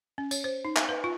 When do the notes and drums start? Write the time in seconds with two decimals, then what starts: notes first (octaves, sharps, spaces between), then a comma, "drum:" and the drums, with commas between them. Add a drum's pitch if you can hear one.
0.18 C#4
0.31 C#5, drum: tambourine
0.44 C5
0.65 D#4
0.76 E5, drum: clap
0.89 B4
1.04 F4